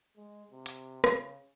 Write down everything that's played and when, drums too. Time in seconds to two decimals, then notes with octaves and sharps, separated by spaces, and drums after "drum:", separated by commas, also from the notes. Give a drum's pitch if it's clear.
0.17 G#3
0.51 C3
0.66 drum: hi-hat
1.04 C#3, drum: rim click